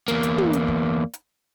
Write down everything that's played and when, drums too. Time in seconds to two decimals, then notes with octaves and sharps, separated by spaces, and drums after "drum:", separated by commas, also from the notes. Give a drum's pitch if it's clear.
0.08 E2 A#3, drum: hi-hat
0.23 drum: hi-hat
0.38 drum: tom
0.53 drum: hi-hat
0.68 drum: kick
1.13 drum: hi-hat